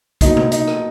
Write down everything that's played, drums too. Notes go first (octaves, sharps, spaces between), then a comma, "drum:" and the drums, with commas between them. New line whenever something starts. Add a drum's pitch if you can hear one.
B1 A#2 F#3 D#4, drum: kick, hi-hat
drum: tom B2
D#4, drum: hi-hat
drum: rim click